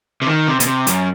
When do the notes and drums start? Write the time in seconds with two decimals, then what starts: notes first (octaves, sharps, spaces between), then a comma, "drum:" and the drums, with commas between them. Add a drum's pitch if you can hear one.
0.22 C3
0.27 D#3
0.47 C3
0.60 B2, drum: hi-hat
0.66 C3
0.87 F#2, drum: hi-hat